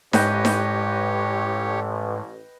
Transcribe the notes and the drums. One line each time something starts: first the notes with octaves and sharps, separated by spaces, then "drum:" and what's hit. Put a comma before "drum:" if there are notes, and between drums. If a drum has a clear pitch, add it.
A1 G#2 G4 B4 C#5 D#5 G5, drum: snare D#4
drum: snare D#4